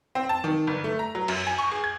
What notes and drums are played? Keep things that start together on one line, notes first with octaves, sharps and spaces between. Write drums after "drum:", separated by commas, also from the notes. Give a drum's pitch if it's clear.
C4
A5
D#3
G1
A3
A#5
F#3
F#2, drum: cymbal
G#5
C#6
G#4
G#6